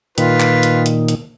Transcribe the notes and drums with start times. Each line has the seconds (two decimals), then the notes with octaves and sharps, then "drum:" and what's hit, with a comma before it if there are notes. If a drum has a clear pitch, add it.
0.18 A#2 D#3 F4 B4, drum: hi-hat
0.40 drum: clap
0.63 drum: hi-hat
0.86 drum: hi-hat
1.08 drum: hi-hat